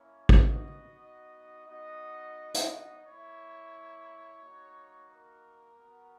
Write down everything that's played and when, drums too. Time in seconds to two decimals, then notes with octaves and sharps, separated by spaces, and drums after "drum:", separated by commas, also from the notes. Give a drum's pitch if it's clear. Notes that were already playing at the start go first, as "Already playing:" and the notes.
Already playing: A#3 C#4 E4 C#5
0.29 B3 D#4 F#4 D#5, drum: kick
1.66 B3 D#4 F#4 D#5
2.54 drum: hi-hat
3.04 A#3 E4 C#5
4.41 A#3 D#4 F#4
5.10 A#4
5.78 B3 F#4